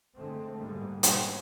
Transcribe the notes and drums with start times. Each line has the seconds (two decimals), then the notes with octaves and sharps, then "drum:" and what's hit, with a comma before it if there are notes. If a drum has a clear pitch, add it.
0.14 D3 G#3 A3 C4
0.58 G#2 D3 G3 G#3 A#3
1.03 B2, drum: hi-hat